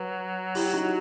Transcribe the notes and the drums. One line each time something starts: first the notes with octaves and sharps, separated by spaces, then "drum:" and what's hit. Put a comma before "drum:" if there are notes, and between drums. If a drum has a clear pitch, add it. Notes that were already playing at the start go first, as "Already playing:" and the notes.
Already playing: F#3 B4
E4 G4, drum: open hi-hat
D#4 F#4